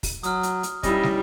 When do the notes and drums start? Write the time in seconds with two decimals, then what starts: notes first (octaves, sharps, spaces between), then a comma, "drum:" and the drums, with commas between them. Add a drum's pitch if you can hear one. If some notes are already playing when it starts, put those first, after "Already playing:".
0.03 drum: kick, open hi-hat
0.23 F#3 D#6 F6, drum: hi-hat
0.43 drum: hi-hat
0.63 drum: hi-hat
0.83 G3 C#4 D#4 E4 D#5, drum: kick, hi-hat
1.03 drum: snare